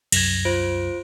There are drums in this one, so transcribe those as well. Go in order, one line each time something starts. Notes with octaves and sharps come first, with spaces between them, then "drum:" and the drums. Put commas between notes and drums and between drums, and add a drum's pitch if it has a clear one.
C2 F#2 G#6 A#6, drum: cymbal
F4 C5 D7